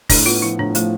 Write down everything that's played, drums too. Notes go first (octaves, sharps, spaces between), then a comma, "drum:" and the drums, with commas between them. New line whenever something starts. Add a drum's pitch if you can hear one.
A2 D4, drum: kick, open hi-hat
B3 F4
F3 E4
A2 D4
F3 A3, drum: hi-hat